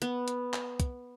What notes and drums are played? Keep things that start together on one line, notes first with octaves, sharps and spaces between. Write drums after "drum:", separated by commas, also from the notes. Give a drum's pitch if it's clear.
B3, drum: hi-hat
drum: hi-hat
drum: clap
drum: kick, hi-hat